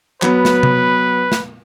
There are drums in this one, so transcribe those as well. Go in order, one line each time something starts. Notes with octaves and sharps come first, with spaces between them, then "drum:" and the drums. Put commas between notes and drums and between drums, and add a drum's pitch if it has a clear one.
F#3 B3 B4, drum: clap
drum: snare
drum: tom C3
drum: snare